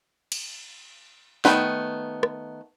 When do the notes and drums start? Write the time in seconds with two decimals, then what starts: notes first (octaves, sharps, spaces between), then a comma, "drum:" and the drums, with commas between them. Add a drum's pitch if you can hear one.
0.32 drum: cymbal
1.45 D#3 A3 B3, drum: snare
2.23 drum: rim click